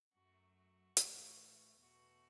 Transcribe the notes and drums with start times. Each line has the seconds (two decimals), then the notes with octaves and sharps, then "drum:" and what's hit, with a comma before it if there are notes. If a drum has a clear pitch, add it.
0.14 F#2 F#3 A3 F#4
0.56 F#4
0.97 A2 E3 A3, drum: hi-hat
1.78 E2 B2 A3 F#4